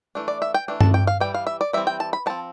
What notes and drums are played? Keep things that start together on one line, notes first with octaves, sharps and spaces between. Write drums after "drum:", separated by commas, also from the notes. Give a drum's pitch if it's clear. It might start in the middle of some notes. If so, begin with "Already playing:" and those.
E3 A3 D4
D5
E5
G5
E3 A3 D4
A5, drum: tom G2
G5
F5
E3 G3 G5
F5
E5
D5
E3 G3 C4 E5
G5
A5
B5
F3 C4 A5